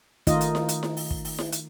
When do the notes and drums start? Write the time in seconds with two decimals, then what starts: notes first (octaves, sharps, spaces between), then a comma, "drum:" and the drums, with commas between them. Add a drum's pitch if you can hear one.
0.27 D#3 A3 D#4 F4 D#5, drum: kick, hi-hat
0.41 drum: hi-hat
0.55 drum: snare E4
0.69 drum: hi-hat
0.83 drum: snare E4
0.97 drum: open hi-hat
1.11 drum: kick
1.25 drum: open hi-hat
1.39 drum: snare E4
1.52 drum: hi-hat